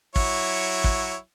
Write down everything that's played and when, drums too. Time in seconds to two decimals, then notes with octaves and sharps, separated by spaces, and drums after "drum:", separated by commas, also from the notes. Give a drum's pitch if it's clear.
0.16 F#3 E4 C#5, drum: kick
0.84 drum: kick